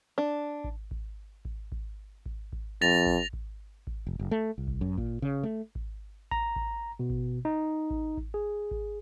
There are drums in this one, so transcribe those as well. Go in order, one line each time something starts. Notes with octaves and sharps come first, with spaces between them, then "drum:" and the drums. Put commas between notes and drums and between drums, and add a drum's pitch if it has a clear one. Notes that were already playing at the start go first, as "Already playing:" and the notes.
D4
drum: kick G#1
drum: kick G#1
drum: kick G#1
drum: kick G#1
drum: kick G#1
drum: kick G#1
F2 A6 A#6 F7
drum: kick G#1
drum: kick G#1
drum: kick G#1
F1
F#1
A3
C2
drum: kick G#1
F#2
A#2, drum: kick G#1
C#3
A3
drum: kick G#1
A#5, drum: kick G#1
drum: kick G#1
B2
drum: kick G#1
D#4
drum: kick G#1
drum: kick G#1
G#4
drum: kick G#1